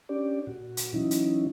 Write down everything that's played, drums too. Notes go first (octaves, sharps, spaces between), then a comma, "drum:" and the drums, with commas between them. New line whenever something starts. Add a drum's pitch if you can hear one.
C#4 D4 G4 D5
A#2 F#4
drum: hi-hat
E3 F#3 C#4 D#4 E4
drum: hi-hat